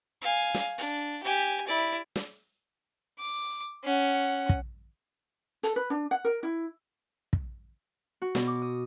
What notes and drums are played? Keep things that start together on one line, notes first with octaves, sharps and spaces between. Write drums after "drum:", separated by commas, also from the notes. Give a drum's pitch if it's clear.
F5 G#5
drum: snare
D4, drum: hi-hat
G4 G#5
E4 D5
drum: snare
D6
C#4 F#5
drum: kick
A4, drum: hi-hat
B4
D4
F#5
A#4
E4
drum: kick
F#4
B2, drum: snare
D6
D#6